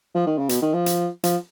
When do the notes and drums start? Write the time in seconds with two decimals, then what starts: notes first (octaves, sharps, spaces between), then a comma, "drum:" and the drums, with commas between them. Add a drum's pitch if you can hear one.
0.15 F3
0.27 D#3
0.38 C#3
0.49 B2, drum: hi-hat
0.62 D#3
0.73 F3
0.86 drum: hi-hat
1.23 F3, drum: hi-hat